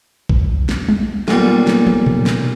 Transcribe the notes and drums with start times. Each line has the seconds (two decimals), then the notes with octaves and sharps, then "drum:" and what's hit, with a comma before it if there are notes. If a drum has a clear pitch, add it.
0.29 drum: kick
0.69 drum: snare
0.88 drum: tom G3
1.28 B1 A#2 G3, drum: snare
1.67 drum: snare
1.87 drum: tom
2.06 drum: tom A#2
2.26 drum: snare